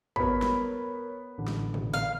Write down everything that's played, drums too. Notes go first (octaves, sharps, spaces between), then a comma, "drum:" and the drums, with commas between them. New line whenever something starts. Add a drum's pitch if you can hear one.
B3 A#4 C#5 B5, drum: kick
drum: snare
A1 D3
drum: snare
drum: tom A#2
F5